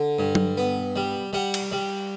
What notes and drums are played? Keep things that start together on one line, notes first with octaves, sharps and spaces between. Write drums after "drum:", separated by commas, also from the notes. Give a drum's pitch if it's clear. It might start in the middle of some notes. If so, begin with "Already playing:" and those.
Already playing: D3
G2
drum: tom F#3
B3
G3
G3 F#5
drum: cymbal
G3